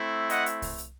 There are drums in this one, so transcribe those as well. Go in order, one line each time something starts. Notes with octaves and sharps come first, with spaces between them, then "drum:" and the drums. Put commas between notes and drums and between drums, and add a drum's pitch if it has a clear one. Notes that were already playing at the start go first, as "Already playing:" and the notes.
Already playing: A3 C4 E4
D#5 F#5, drum: hi-hat
drum: hi-hat
drum: kick C2, open hi-hat
drum: hi-hat